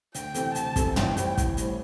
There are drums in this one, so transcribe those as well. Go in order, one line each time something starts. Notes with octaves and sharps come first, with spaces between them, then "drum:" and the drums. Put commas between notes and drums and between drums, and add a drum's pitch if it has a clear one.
D2 G5, drum: hi-hat
C3 E3 C4 A4, drum: hi-hat
D2 A5, drum: hi-hat
C3 E3 C4 A4, drum: kick, hi-hat
A1 G5, drum: tom
A2 G3 E4 C5, drum: hi-hat
A1, drum: kick, hi-hat
A2 G3 E4 C5, drum: hi-hat